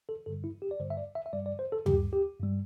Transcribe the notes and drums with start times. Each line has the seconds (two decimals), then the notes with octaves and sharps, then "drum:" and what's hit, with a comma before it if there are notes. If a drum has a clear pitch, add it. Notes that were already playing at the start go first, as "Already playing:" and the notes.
0.09 A4
0.26 G2 D3 G3 A4
0.44 E4
0.62 G4
0.71 D5
0.79 G2 D3 G3 C5
0.90 E5
0.97 D5
1.15 E5
1.26 E5
1.33 G2 G3 D5
1.46 D5
1.59 C5
1.72 A4
1.86 G2 G3 G4, drum: tom D#2
2.13 G4
2.39 G2 G3